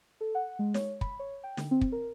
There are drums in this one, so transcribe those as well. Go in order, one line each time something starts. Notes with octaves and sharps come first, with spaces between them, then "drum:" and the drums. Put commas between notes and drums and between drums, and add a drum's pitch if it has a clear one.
A4
F#5
G#3
C#5, drum: snare
B5, drum: kick
C#5
G5
D3, drum: snare
C4
drum: kick
A#4